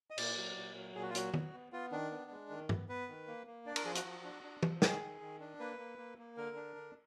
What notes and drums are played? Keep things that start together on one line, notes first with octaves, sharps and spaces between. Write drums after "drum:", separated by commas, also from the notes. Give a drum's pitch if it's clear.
D#5
A#2 D5, drum: cymbal
F#3
A#2
F#3
A#2 G#4
F#4
F4
F#3 F#4, drum: hi-hat
B3, drum: tom
B3
B3 F4
D#3 D4
B3
G#3
D#3
B3, drum: tom
B3 B4
D#3
A#3
A#3
D4 D5
A#4, drum: cymbal
F3 G#4
F#4, drum: hi-hat
F3
D4
D4
F3, drum: tom
D#3 G#4, drum: snare
D#3
D#3
D4
A#3 B4
A#3
A#3
A#3
D3 A#4
D4
D3